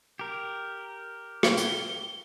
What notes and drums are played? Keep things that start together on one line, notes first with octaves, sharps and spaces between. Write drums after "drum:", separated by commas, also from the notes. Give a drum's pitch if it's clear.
G4 A#4
drum: rim click
G7, drum: hi-hat